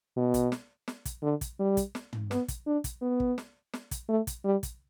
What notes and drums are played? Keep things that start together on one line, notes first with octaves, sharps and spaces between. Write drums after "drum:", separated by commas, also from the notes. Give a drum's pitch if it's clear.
B2
drum: kick, hi-hat
drum: snare
drum: snare
drum: kick, hi-hat
D3
drum: kick, hi-hat
G3
drum: kick, hi-hat
drum: snare
drum: tom
B3, drum: snare
drum: kick, hi-hat
D4
drum: kick, hi-hat
B3
drum: kick
drum: snare
drum: snare
drum: kick, hi-hat
A3
drum: kick, hi-hat
G3
drum: kick, hi-hat